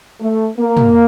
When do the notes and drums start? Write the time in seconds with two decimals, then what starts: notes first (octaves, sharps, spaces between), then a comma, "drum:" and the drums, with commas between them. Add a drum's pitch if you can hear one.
0.20 A3
0.57 A#3
0.77 drum: tom